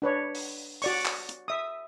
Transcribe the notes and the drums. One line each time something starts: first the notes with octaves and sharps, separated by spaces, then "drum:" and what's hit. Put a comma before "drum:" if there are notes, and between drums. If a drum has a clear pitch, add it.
D4 B4 C#5
drum: open hi-hat
F#4 D5 C#6, drum: open hi-hat
drum: clap
drum: hi-hat
E5 D#6